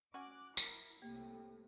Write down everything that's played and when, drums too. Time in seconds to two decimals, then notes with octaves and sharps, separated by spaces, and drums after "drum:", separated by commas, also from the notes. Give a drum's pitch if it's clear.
0.14 C#4 F#4 G#5 D6 F#6
0.57 E4 A#4, drum: tambourine
1.02 C2 A2 C3 A#3 G4